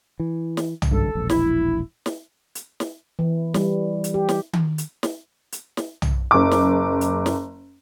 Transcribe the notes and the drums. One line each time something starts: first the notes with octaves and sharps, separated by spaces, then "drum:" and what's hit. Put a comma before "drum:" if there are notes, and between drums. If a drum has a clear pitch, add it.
E3
drum: snare
drum: tom
G#1 C#2 G2 A4
E1 A#1
E4, drum: snare
drum: snare
drum: hi-hat
drum: snare
E3
G3, drum: snare
drum: hi-hat
G4
drum: snare
drum: tom D#3
drum: hi-hat
drum: snare
drum: hi-hat
drum: snare
drum: tom
F#1 D6
drum: snare
drum: hi-hat
drum: snare